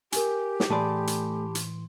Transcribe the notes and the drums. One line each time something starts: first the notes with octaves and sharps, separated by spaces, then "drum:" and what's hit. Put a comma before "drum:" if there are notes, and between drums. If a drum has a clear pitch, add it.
G4 A#4 G#5, drum: hi-hat
drum: snare
A2 E3 A3 G#4 D5 A5 B5 C6
drum: hi-hat
drum: hi-hat